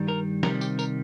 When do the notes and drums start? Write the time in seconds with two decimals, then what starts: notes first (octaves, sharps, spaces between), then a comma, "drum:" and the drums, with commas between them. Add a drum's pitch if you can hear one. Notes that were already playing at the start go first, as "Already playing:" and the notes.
Already playing: G2 D#3 G3
0.08 A#4
0.43 C2 C3 D#3 G3 A#4, drum: snare
0.61 G4, drum: tambourine
0.79 A#4, drum: tambourine